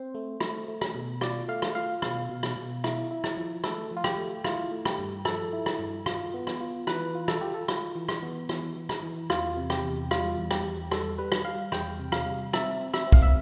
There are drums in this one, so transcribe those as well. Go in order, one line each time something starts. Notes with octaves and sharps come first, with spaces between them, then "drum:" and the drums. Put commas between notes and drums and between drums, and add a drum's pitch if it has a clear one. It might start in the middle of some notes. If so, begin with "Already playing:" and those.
Already playing: C4 C5
A3
A3, drum: rim click
A3
drum: rim click
B2
F4 D5, drum: rim click
A3 F5
drum: rim click
F4 F5
B2 F5, drum: rim click
B2
drum: rim click
B2
E4, drum: rim click
E4
drum: rim click
F3
A3 A4, drum: rim click
F3
F4
G4, drum: rim click
A3
E4 F4, drum: rim click
A3
G4, drum: rim click
G2
F3 A4, drum: rim click
E4
drum: rim click
G2
F4, drum: rim click
B3
drum: rim click
F4
E3 B4, drum: rim click
F4
A4, drum: rim click
F4 G4
A4
F4, drum: rim click
E3
drum: rim click
B3
E3, drum: rim click
E3
drum: rim click
E3
E2 F4, drum: rim click
C3
G4, drum: rim click
E2
G3 F4, drum: rim click
E2
G4, drum: rim click
E2
G3 A4, drum: rim click
G3 B4
drum: rim click
G3 F5
E2 G5, drum: rim click
C3
F5, drum: rim click
G3
C4 E5, drum: rim click
C4
E5, drum: rim click
C4
F5, drum: kick
E5